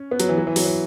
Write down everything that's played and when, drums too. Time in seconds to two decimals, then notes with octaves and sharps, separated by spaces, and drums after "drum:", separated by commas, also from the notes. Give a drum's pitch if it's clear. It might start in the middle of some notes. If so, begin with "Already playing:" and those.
Already playing: C#4
0.11 B3
0.20 F#3, drum: hi-hat
0.29 E3
0.38 F#3
0.47 E3
0.56 F#3, drum: open hi-hat
0.65 E3